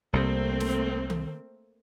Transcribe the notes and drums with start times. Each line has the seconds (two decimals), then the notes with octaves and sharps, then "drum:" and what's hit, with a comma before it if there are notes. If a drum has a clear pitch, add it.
0.13 C2 C3 A3 A#3 C4
0.60 drum: snare
1.10 drum: tom D#3